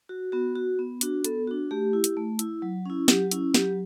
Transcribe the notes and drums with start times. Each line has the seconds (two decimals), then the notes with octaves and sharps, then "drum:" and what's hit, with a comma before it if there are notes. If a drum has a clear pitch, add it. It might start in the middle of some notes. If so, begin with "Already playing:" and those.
0.09 F#4
0.32 B3 F#4
0.56 F#4
0.79 B3
1.01 D4 F#4, drum: hi-hat
1.24 B3 A4, drum: hi-hat
1.47 D4 F#4
1.71 A3 G4
1.93 E4
2.04 drum: hi-hat
2.17 A3
2.39 E4, drum: hi-hat
2.62 F#3
2.86 C#4 E4
3.08 F#3 G4, drum: snare
3.31 C#4 E4, drum: hi-hat
3.54 F#3 G4, drum: snare